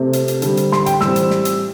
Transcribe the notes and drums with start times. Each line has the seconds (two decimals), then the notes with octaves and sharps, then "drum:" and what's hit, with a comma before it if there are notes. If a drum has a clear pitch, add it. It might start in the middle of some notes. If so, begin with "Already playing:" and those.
Already playing: C3 A3 C4
0.13 drum: hi-hat
0.28 drum: hi-hat
0.42 D3 G3 C4, drum: hi-hat
0.57 drum: hi-hat
0.72 C6, drum: snare
0.86 G5, drum: hi-hat
1.01 A2 E3 G3 C4 E6, drum: snare
1.16 drum: hi-hat
1.30 drum: snare
1.45 drum: hi-hat